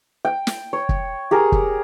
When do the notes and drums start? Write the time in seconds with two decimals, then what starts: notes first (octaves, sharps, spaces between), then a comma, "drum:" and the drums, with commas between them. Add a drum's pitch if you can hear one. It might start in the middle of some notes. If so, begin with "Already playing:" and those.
0.25 G5
0.47 drum: snare
0.73 C#5
0.89 drum: kick
1.31 G4 G#4 A#4
1.52 drum: kick